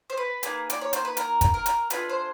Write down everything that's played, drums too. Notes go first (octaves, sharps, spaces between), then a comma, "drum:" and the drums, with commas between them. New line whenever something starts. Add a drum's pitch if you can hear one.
C5
B4
A#3 D#4 G#4, drum: hi-hat
D5, drum: hi-hat
C#5
C5, drum: hi-hat
B4
A#4, drum: hi-hat
drum: kick, hi-hat
A#4
drum: hi-hat
A3 D4 F4 G#4 B4, drum: hi-hat
C5